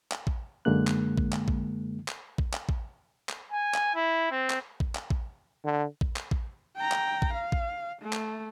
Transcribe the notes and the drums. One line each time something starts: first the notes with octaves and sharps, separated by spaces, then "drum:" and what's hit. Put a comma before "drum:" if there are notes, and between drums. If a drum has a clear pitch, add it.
drum: clap
drum: kick A1
F#2 D3 G#3 A#3 F#6
drum: clap
drum: kick A1
drum: clap
drum: kick A1
drum: clap
drum: kick A1
drum: clap
drum: kick A1
drum: clap
G#5
drum: clap
E4
C4
drum: clap
drum: kick A1
drum: clap
drum: kick A1
D3
drum: kick A1
drum: clap
drum: kick A1
G5 A#5
drum: clap
drum: kick A1
F5
drum: kick A1
A3
drum: clap